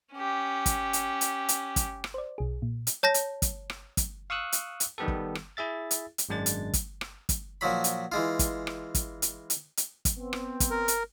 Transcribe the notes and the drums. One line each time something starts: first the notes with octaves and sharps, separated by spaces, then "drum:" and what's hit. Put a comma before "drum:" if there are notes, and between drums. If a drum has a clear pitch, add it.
C#4 G4
drum: kick, hi-hat
drum: hi-hat
drum: hi-hat
drum: hi-hat
drum: kick, hi-hat
drum: rim click
C5 D5
B1 G#4
A#2
drum: hi-hat
C#5 A5 G6 A#6
drum: hi-hat
drum: kick, hi-hat
drum: rim click
drum: kick, hi-hat
F5 C#6 D#6 E6 F#6
drum: hi-hat
drum: hi-hat
D#3 G3 B3 G4 A4
drum: kick
drum: rim click
E4 G#4 E5 A6
drum: hi-hat
drum: hi-hat
G#1 F#2 G#3 D4 A6
drum: hi-hat
drum: kick, hi-hat
drum: rim click
drum: kick, hi-hat
A#2 F3 F#3 B5
drum: hi-hat
E3 G#3 F4
drum: kick, hi-hat
drum: rim click
drum: kick, hi-hat
drum: hi-hat
drum: hi-hat
drum: hi-hat
drum: kick, hi-hat
B3 C4
drum: rim click
drum: kick, hi-hat
A#4
drum: hi-hat